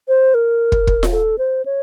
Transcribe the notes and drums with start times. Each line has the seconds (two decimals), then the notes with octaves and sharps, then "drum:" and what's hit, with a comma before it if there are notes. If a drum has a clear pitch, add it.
0.08 C5
0.34 A#4
0.72 drum: kick
0.87 drum: kick
1.03 drum: snare F4
1.12 A4
1.38 C5
1.66 C#5